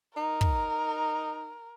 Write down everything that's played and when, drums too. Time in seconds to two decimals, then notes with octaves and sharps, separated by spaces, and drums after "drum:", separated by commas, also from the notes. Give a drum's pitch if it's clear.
0.17 D#4 A#4
0.41 drum: kick